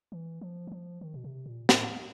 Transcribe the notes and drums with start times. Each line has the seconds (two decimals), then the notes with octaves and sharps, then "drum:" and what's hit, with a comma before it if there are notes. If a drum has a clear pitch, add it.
0.12 E3
0.41 F3
0.67 E3
0.72 F3
1.01 D#3
1.14 B2
1.24 C3
1.46 A#2
1.69 A2, drum: snare